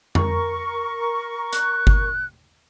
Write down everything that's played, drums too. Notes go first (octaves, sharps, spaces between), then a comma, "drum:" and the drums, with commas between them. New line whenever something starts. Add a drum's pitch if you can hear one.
A#4 C#6, drum: tom F2
F#6, drum: hi-hat
drum: kick G1